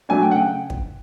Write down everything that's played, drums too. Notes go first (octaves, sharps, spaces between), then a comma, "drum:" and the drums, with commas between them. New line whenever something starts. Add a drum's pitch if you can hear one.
F#3 A3 D4 G#5
G5
F#5
C#3 G5
drum: kick